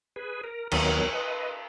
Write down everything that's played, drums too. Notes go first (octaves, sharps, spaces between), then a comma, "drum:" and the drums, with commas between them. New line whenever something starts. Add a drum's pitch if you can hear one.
G#4 B4
A#4
D#2 D#3 F#3 B3 A#4 C#5, drum: cymbal
B4 D#5